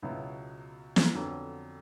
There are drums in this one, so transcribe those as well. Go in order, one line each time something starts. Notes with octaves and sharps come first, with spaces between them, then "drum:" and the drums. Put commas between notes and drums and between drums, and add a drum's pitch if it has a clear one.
C#2 B2 F#3 B3 E4
drum: snare
F2 D3 F#3 B3